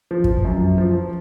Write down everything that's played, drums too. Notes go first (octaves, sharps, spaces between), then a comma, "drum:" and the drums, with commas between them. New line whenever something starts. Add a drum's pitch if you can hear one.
F3
drum: kick
F#2
F3